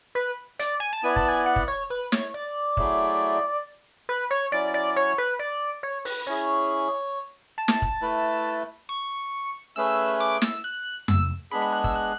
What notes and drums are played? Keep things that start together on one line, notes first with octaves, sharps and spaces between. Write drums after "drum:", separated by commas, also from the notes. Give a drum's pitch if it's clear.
B4
D5, drum: hi-hat
G#5
A5
B3 E4 B4 D5 G#5
A5, drum: kick
G#5
F#5
drum: kick
C#5
B4
C#5, drum: snare
D5
F#3 A3 E4 G#4, drum: kick
B4
C#5
F#3 C#4 E4 D5
D5
C#5
B4
D5
C#5
B4, drum: open hi-hat
C#4 E4 G#4 C#5
A5
drum: snare
drum: kick
A3 E4 B4
C#6
A3 C#4 G#4 B4 E6
D6
E6, drum: snare
F#6
E6, drum: tom F2
G#3 B3 D4 G#4 B5
B5
F#6
E6, drum: kick
F#6